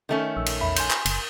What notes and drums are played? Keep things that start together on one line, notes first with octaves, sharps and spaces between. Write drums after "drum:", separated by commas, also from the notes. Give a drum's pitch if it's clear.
D#3 A3 C#4
A#1 E6
drum: cymbal
E2 E5 B5
G#5 C6 G6, drum: cymbal
drum: clap
F#1, drum: cymbal